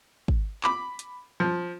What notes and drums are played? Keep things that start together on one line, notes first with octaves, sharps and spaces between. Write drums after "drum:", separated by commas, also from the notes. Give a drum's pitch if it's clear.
drum: kick G#1
B5 D6, drum: clap
drum: hi-hat
F3